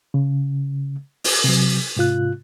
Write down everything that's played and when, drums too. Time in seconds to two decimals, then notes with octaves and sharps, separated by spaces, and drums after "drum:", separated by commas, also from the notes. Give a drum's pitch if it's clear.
0.14 C#3
1.24 drum: open hi-hat
1.44 C3 F#3
1.96 G#2 C3 F4 F#6